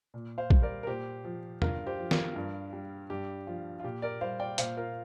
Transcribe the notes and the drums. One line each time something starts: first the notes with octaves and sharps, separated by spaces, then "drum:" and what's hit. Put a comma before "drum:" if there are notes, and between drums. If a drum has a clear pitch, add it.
A#2
C5 F5
G3, drum: kick
A#4 D5
A#4
A#2 G4 C5
F3
G2 F4 A#4, drum: tom
G4 C5
F3
F4 A#4, drum: snare
G2
G3
G2 G4
F3 F4
F4
A#2 G4
A#4 D5
G3 C5 F5
D5 G5
A#2 C5 F5, drum: hi-hat
F4 A#4